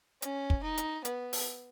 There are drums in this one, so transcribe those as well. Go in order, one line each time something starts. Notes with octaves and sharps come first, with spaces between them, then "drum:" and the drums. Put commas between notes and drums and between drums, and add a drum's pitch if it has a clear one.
C#4, drum: hi-hat
drum: kick
D#4
drum: hi-hat
B3, drum: hi-hat
drum: open hi-hat